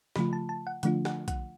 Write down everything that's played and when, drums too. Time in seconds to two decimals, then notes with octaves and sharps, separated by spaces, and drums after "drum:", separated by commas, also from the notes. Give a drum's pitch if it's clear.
0.16 C#3 F3 A3 F4 B5, drum: snare
0.33 A5
0.49 A5
0.67 F#5
0.83 D3 F3 A3 D4 F4 F#5, drum: hi-hat
1.05 F#5, drum: snare
1.28 F#5, drum: kick, hi-hat